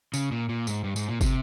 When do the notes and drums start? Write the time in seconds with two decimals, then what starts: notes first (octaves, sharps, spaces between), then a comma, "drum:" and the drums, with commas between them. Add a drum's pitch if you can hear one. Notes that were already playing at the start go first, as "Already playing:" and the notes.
0.14 C#3, drum: tambourine
0.32 A#2
0.49 A#2
0.67 G#2, drum: tambourine
0.84 G2
0.96 G#2, drum: tambourine
1.09 A#2
1.21 C3, drum: kick, tambourine